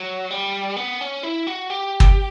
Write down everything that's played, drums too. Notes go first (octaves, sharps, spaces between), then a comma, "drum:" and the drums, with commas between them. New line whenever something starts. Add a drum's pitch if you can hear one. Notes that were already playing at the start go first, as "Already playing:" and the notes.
Already playing: F#3
G3
B3
C#4
E4
F#4
G4
drum: kick